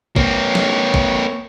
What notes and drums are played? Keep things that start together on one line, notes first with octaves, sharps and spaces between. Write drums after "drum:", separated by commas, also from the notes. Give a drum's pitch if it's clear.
A#3 C4 C#5, drum: kick
drum: snare
drum: kick